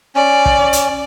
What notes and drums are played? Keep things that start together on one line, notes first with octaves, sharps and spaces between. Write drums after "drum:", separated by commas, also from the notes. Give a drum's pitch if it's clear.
C#4 D5
drum: kick
drum: hi-hat